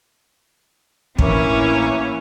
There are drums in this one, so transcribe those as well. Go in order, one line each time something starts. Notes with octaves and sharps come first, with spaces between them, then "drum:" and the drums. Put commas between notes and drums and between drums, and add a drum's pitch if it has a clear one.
A1 E3 A#3 C#4 D4 E4 C#5, drum: kick